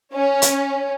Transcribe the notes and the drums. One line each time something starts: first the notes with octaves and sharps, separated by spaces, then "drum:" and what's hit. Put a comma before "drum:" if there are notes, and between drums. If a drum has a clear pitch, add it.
C#4
drum: hi-hat